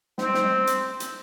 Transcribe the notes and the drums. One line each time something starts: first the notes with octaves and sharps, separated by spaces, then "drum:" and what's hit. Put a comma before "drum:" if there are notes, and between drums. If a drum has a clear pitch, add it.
C4, drum: snare
drum: snare
drum: hi-hat
drum: hi-hat